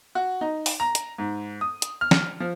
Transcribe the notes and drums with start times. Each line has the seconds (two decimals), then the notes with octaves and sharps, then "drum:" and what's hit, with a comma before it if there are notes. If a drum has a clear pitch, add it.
0.15 F#4
0.41 D#4
0.66 drum: open hi-hat
0.80 A#5
0.95 drum: hi-hat
1.18 G#2
1.61 D#6
1.82 drum: hi-hat
2.01 F6
2.11 drum: snare
2.40 F3